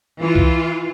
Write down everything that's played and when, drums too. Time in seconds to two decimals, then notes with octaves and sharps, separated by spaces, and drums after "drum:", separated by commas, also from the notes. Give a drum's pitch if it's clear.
0.20 E3 F4
0.35 drum: kick C2